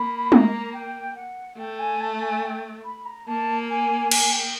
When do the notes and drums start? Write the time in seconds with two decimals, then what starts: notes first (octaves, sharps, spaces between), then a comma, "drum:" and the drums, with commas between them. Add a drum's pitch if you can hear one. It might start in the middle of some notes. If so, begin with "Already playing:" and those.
Already playing: A#3 B5
0.32 A#5, drum: tom G#3
0.73 G5
1.16 F#5
1.58 A3 G5
1.79 G#5
2.00 A5
2.21 G#5
2.43 G5
2.85 B5
3.05 A#5
3.27 A#3 A5
3.69 G#5
4.11 G#5, drum: cymbal
4.32 G5